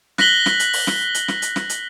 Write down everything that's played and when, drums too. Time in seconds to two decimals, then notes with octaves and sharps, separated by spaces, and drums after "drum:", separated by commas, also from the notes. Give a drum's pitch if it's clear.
0.18 F#6 A#6 B6 F#7 G7, drum: snare
0.46 drum: snare
0.60 drum: hi-hat
0.73 drum: open hi-hat
0.87 drum: snare
1.15 drum: hi-hat
1.28 drum: snare
1.42 drum: hi-hat
1.56 drum: snare
1.70 drum: hi-hat